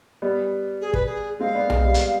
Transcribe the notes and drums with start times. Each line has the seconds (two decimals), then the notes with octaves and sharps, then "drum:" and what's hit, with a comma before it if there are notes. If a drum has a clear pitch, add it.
0.22 G3 B3
0.81 G#4
0.93 B4, drum: kick
1.06 G#4
1.39 G#3 C4 F5
1.55 B3 D4
1.70 G#3 C4, drum: tom B1
1.84 G3 B3
1.94 drum: hi-hat